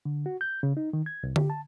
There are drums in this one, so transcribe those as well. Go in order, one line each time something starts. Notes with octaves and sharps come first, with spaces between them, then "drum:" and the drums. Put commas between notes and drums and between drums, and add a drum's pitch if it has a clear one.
D3
F#4
G6
C#3
D#4
D#3
G#6
C2
G4, drum: tom D3
A5